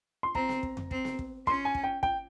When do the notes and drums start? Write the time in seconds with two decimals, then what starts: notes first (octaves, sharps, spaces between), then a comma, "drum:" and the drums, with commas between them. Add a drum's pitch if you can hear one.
0.23 C6
0.35 C4 A#5, drum: kick
0.49 drum: snare B3
0.63 drum: kick
0.77 drum: tom F2
0.91 C4, drum: kick
1.05 drum: snare B3
1.19 drum: kick
1.47 C#4 C6, drum: kick
1.65 G#5
1.75 drum: kick
1.84 G5
2.03 G5, drum: kick